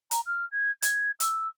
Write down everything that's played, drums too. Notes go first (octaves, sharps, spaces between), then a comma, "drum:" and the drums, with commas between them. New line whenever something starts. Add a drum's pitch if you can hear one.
A#5, drum: hi-hat
F6
G#6
G#6, drum: hi-hat
E6, drum: hi-hat